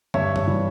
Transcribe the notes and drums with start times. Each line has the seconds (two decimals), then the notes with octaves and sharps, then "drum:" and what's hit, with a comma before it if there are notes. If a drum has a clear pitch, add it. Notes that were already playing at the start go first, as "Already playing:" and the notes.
0.14 G2 C#5 E5, drum: tom
0.36 drum: tom F#2
0.47 E3 G3